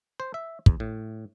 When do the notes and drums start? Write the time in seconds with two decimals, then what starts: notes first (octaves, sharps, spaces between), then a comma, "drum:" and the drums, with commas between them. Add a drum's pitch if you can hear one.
0.20 C5
0.34 E5
0.66 E2, drum: kick
0.80 A2